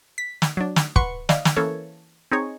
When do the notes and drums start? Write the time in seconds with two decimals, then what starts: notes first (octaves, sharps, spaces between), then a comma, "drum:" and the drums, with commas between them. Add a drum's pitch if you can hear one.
0.18 B6
0.42 drum: snare
0.57 F#3 D4
0.76 drum: snare
0.96 B4 F#5 C6 C#6, drum: kick
1.29 D5 D#5 F5, drum: snare
1.45 drum: snare
1.56 E3 A#3 C#4 A4 C#5
2.32 C4 D#4 G#4 C#5